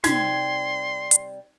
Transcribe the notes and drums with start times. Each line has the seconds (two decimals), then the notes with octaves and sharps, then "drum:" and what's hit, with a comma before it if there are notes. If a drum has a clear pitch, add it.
0.04 C3 G3 D#4 C6 G#6, drum: snare
1.11 drum: hi-hat